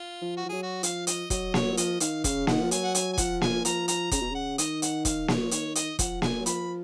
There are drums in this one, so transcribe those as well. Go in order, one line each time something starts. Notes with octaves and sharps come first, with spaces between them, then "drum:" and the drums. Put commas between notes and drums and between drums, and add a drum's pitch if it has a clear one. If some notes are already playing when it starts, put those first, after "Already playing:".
Already playing: F4
F3
F#4
F3
F#3 G#4
F#4
F3 F5, drum: hi-hat
D#5, drum: hi-hat
F#3 D#5, drum: kick E1, hi-hat
C#5, drum: snare A#3
F#3
F3 D#5, drum: hi-hat
D#3 F5, drum: hi-hat
C#3 F5, drum: kick E1, hi-hat
D#3 F#5, drum: snare A#3
F3
F#3 G#5, drum: hi-hat
F#5
G#5, drum: hi-hat
G#5
F3 F#5, drum: kick E1, hi-hat
G#5, drum: snare A#3
F3 A#5, drum: hi-hat
A#5, drum: hi-hat
C#3 A#5, drum: kick E1, hi-hat
B2
C#3 F#5
D#3 D#5, drum: hi-hat
F#5, drum: hi-hat
F5, drum: kick E1, hi-hat
C#5, drum: snare A#3
F#3
F3
D#3 C#5, drum: hi-hat
D#5, drum: hi-hat
F3 F#5, drum: kick E1, hi-hat
G#5, drum: snare A#3
F#3
F3 B5, drum: hi-hat